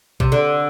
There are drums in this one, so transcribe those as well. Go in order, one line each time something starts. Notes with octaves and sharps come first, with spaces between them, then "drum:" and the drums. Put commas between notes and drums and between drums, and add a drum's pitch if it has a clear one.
C3, drum: kick A#1
D3